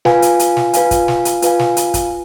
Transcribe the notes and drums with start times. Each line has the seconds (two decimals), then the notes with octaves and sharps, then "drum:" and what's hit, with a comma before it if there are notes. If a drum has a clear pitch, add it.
0.05 F4 B4 F5 G#5, drum: snare
0.22 drum: hi-hat
0.39 drum: hi-hat
0.57 drum: snare
0.73 F4 B4 F5 G#5, drum: hi-hat
0.91 drum: kick, hi-hat
1.08 drum: snare
1.25 drum: hi-hat
1.42 F4 B4 F5 G#5, drum: hi-hat
1.59 drum: snare
1.77 drum: hi-hat
1.94 drum: kick, hi-hat